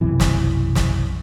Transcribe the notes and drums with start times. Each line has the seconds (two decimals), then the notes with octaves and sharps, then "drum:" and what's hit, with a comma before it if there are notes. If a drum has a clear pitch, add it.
0.01 B1 F#2 C3 E3
0.20 drum: snare
0.75 drum: snare